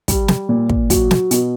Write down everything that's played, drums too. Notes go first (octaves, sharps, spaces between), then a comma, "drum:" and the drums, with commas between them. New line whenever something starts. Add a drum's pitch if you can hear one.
G3, drum: kick, hi-hat
drum: snare
A#2
drum: kick
F#3, drum: kick, hi-hat
drum: snare
B2, drum: hi-hat